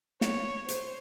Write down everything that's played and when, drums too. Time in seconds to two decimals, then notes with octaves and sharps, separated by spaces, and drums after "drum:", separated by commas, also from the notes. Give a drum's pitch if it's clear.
0.21 C#5, drum: snare
0.68 C5, drum: hi-hat